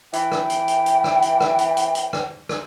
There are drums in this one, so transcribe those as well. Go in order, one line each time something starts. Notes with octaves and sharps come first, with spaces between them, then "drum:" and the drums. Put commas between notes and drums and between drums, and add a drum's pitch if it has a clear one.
E3 G5, drum: hi-hat
drum: rim click
drum: hi-hat
drum: hi-hat
drum: hi-hat
drum: rim click
drum: hi-hat
drum: rim click
drum: hi-hat
drum: hi-hat
drum: hi-hat
drum: rim click
drum: rim click